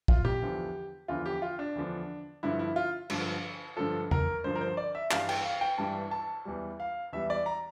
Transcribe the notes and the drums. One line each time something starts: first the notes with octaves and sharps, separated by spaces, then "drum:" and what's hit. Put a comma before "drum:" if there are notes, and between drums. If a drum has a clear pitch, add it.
F4, drum: kick
G4, drum: tom
E2 D3 F3
E2 D3 F3 F4
G4
F4
D4
E2 D3 F3
G2 D3 F3 E4
E4
F4
G2 D3 F3, drum: cymbal
G2 D3 F3 A4
A#4, drum: tom E2
G2 D3 F3 C5
A#4
C5
D5
E5
G2 E3 G3 F5, drum: clap
G5, drum: cymbal
F5
G5
G2 E3 G3 A5
A5
E2 E3 G3
F5
E2 E3 G3 E5
D5
A#5